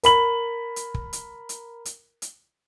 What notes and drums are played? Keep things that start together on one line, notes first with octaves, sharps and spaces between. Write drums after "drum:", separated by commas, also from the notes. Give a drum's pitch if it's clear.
A#4 B5 F#7, drum: hi-hat
drum: hi-hat
drum: kick
drum: hi-hat
drum: hi-hat
drum: hi-hat
drum: hi-hat